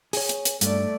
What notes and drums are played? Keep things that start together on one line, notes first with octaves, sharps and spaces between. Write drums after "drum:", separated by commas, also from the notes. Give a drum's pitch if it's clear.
G#4 C#5, drum: open hi-hat
drum: hi-hat
drum: hi-hat
G2 A3 D5, drum: hi-hat